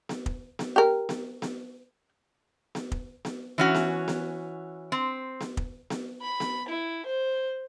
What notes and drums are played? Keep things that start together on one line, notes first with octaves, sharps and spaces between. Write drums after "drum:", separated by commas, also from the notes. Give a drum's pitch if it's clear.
drum: snare B3
drum: kick
drum: snare B3
G4 A#4
drum: snare B3
drum: snare B3
drum: snare B3
drum: kick
drum: snare B3
E3 C#4 F#4
drum: snare B3
drum: snare B3
C4
drum: snare B3
drum: kick
drum: snare B3
B5
drum: snare B3
E4
C5